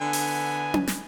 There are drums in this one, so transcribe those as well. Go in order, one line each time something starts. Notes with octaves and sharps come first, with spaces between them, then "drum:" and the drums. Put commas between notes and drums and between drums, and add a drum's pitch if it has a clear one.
D3 B3 G#5
drum: open hi-hat
drum: tom C#4
drum: snare